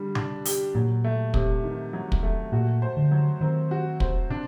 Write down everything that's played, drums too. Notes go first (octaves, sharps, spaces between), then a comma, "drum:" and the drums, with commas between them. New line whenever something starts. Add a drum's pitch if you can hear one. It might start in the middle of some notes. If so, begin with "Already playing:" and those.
Already playing: D3 G3
D4, drum: tom C3
G4, drum: open hi-hat
A#2 F#3
A3
C3, drum: kick
D#3
F#3
drum: kick
A3
A#2 F#4
C5
D3
F#3
D#3 C4
F#4
C5, drum: kick
C3 D4